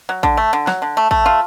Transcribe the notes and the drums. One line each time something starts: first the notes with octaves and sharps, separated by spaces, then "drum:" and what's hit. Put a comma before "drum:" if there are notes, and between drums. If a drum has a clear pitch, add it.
F#3
D3, drum: kick A1
A3
D3
F#3, drum: snare
D3
A3
A3, drum: kick A1
F4